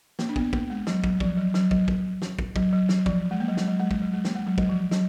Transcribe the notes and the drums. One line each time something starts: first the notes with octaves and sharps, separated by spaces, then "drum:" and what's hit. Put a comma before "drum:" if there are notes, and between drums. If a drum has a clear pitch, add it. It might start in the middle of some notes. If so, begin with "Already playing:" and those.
A#3, drum: snare
D4
B3, drum: kick
A#3, drum: kick
G#3
F#3, drum: snare
F#3, drum: kick
F3, drum: kick
F#3
F#3, drum: snare
F#3, drum: kick
drum: kick
drum: snare
drum: kick
F#3, drum: kick
F#3
F#3, drum: snare
F3, drum: kick
G#3
A#3
F#3
G#3, drum: snare
F#3
G#3
G#3, drum: kick
F#3
G#3
A#3, drum: snare
G#3
F#3
F#3, drum: kick
F3
F#3, drum: snare